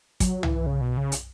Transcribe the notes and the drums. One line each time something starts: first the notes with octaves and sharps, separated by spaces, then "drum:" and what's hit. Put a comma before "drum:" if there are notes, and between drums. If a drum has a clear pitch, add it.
F#3, drum: kick, hi-hat
E3, drum: tom C2
C#3
B2
C#3
drum: hi-hat